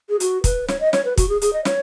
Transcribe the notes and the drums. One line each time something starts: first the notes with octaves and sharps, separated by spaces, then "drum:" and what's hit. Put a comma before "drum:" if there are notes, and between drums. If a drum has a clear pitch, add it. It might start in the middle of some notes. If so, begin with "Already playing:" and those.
G#4
F#4, drum: hi-hat
B4, drum: kick, hi-hat
C#5, drum: snare
D#5
C#5, drum: snare
B4
F#4, drum: kick, hi-hat
G#4
G#4, drum: hi-hat
D#5
C#5, drum: snare